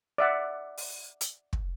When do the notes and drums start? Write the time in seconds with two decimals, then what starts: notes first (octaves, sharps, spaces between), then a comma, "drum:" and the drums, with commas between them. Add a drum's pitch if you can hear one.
0.18 D5 E5 F#5
0.77 drum: open hi-hat
1.21 drum: hi-hat
1.53 drum: kick